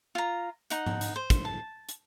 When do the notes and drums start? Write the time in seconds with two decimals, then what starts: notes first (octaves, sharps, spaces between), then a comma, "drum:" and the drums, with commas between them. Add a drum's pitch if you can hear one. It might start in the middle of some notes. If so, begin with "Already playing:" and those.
0.15 F4 A#5
0.70 D#4 F#5, drum: hi-hat
0.86 drum: tom G#2
1.01 drum: hi-hat
1.16 C5
1.30 drum: kick, hi-hat
1.45 A5
1.89 drum: hi-hat